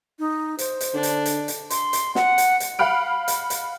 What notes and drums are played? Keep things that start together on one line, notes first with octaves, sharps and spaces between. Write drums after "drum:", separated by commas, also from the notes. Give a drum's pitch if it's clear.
D#4
C5, drum: hi-hat
drum: hi-hat
D3 D4
drum: hi-hat
drum: hi-hat
drum: hi-hat
C6, drum: hi-hat
drum: hi-hat
F#5, drum: snare
drum: hi-hat
drum: hi-hat
F5 F#5 B5 F6 D7
drum: hi-hat
drum: hi-hat